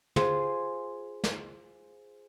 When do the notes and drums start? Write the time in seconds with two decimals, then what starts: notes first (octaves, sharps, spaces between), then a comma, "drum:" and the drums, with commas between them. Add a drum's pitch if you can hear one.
0.16 F4 G#4 C5, drum: tom
1.24 drum: snare